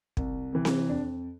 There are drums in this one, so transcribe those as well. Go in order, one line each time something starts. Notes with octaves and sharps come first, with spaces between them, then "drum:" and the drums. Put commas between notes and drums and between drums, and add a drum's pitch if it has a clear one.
C2, drum: kick
C3 E3
drum: snare C4
F2 D4